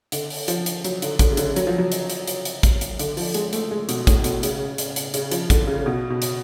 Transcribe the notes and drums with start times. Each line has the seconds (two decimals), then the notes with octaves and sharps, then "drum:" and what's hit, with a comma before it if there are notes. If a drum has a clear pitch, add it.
0.12 D3, drum: hi-hat
0.30 drum: open hi-hat
0.48 F3, drum: hi-hat
0.66 drum: hi-hat
0.84 F#3, drum: hi-hat
1.02 D3, drum: hi-hat
1.19 D3, drum: kick, hi-hat
1.32 C#3
1.37 D3, drum: hi-hat
1.56 F#3, drum: hi-hat
1.67 F3
1.78 F#3
1.92 drum: hi-hat
2.10 drum: hi-hat
2.27 drum: hi-hat
2.45 drum: hi-hat
2.63 drum: kick, hi-hat
2.81 drum: hi-hat
2.99 D3, drum: hi-hat
3.17 F3, drum: open hi-hat
3.34 G#3, drum: hi-hat
3.53 A3, drum: hi-hat
3.71 G#3
3.89 B2, drum: hi-hat
4.07 A2, drum: kick, hi-hat
4.24 B2, drum: hi-hat
4.43 C#3, drum: hi-hat
4.78 drum: hi-hat
4.96 drum: hi-hat
5.14 C#3, drum: hi-hat
5.31 F3, drum: hi-hat
5.50 D3, drum: kick, hi-hat
5.67 C#3
5.86 B2
6.10 B2
6.22 drum: hi-hat